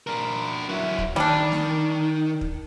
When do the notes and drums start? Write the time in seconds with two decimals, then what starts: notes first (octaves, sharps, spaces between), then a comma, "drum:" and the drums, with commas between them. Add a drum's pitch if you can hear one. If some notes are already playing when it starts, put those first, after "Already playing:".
0.07 D4 A#4
0.69 F#3 E4
0.98 drum: kick
1.16 D#3 G3 D4, drum: snare
1.52 drum: snare
2.41 drum: kick